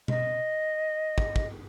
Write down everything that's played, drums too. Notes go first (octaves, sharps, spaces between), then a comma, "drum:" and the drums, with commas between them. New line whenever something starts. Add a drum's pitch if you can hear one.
D#5, drum: tom B2
drum: kick
drum: kick